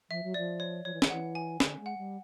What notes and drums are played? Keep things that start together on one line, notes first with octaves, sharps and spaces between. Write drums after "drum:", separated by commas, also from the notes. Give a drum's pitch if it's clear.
F3 E5
F#3
D5
F3
C#5
F3 C#5
E3
D#3, drum: snare
E3 F#5
G#5
D3, drum: snare
G#3
F#5
G3